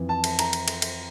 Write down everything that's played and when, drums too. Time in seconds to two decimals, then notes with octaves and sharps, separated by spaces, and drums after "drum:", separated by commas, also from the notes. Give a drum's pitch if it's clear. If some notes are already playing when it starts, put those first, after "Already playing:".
Already playing: F2 E3
0.09 A5
0.24 drum: cymbal
0.39 A#5, drum: cymbal
0.53 drum: cymbal
0.68 drum: cymbal
0.82 drum: cymbal